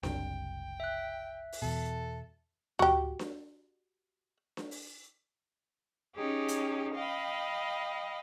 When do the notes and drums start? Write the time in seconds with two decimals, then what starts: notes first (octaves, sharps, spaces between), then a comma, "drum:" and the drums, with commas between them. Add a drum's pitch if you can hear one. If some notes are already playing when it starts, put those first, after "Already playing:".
0.03 F#1 C2 C3 G5, drum: snare D4
0.80 E5 F#6
1.52 drum: open hi-hat
1.62 E2 B2 A4
2.79 F#4 G4, drum: tom D2
3.19 drum: snare D4
4.57 drum: snare D4
4.71 drum: open hi-hat
6.14 C#4 D#4 G4 G#4
6.48 drum: hi-hat
6.94 D#5 F5 G5 B5